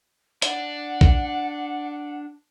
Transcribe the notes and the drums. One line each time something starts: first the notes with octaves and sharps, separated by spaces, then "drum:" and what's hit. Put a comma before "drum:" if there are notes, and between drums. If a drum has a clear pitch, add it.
D4 F#5, drum: hi-hat
drum: kick A#1